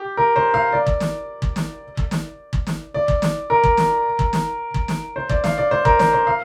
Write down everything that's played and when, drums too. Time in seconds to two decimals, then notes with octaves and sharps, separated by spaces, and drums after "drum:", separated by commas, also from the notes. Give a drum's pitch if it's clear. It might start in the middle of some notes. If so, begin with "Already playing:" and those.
Already playing: G4
0.17 A#4
0.36 C5
0.54 F5
0.73 D5
0.87 drum: kick
1.00 drum: snare
1.42 drum: kick
1.56 drum: snare
1.97 drum: kick
2.11 drum: snare
2.53 drum: kick
2.67 drum: snare
2.94 D5
3.08 drum: kick
3.22 drum: snare
3.50 A#4
3.64 drum: kick
3.77 drum: snare
4.19 drum: kick
4.33 drum: snare
4.74 drum: kick
4.88 drum: snare
5.16 C5
5.29 D5, drum: kick
5.44 F5, drum: snare
5.58 D5
5.71 C5
5.85 A#4, drum: kick
5.99 C5, drum: snare
6.13 C5
6.27 F5